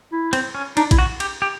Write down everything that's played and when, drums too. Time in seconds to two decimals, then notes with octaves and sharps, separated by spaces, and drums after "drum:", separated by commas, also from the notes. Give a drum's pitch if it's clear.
0.12 E4
0.33 C4, drum: cymbal
0.55 C#4
0.77 D4 D#4, drum: cymbal
0.91 E4, drum: kick A#1, cymbal
0.98 F#4
1.20 G4, drum: cymbal
1.42 G4